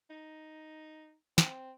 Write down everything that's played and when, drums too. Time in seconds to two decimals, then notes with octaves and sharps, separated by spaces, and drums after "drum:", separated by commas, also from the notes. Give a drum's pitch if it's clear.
0.10 D#4
1.38 C4, drum: snare